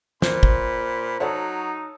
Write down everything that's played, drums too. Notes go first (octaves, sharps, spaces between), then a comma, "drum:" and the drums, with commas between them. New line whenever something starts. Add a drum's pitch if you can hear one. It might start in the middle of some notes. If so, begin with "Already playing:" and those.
A#2 C5 B5, drum: snare
drum: kick
F#3 D#4 A4 C#5 F#5